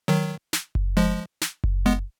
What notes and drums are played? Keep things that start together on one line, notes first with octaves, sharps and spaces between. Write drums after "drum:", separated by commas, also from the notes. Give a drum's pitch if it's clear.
D#3 F#3
drum: snare
drum: kick F#1
F3 G#3
drum: snare
drum: kick F#1
G#3 B3